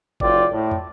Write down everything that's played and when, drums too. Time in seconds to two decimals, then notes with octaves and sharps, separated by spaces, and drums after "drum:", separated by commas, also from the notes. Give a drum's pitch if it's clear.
0.20 F#1 F4 D5 G5, drum: kick G1
0.51 A2
0.71 drum: tom